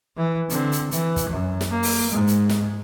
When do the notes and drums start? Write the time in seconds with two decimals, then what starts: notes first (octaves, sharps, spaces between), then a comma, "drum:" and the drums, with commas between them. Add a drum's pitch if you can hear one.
0.17 E3
0.50 D3 C4, drum: hi-hat
0.72 drum: hi-hat
0.91 E3, drum: hi-hat
1.16 drum: kick, hi-hat
1.30 F#2
1.61 drum: snare
1.71 A#3
1.83 drum: open hi-hat
2.11 G#2 G#3
2.27 drum: hi-hat
2.49 drum: snare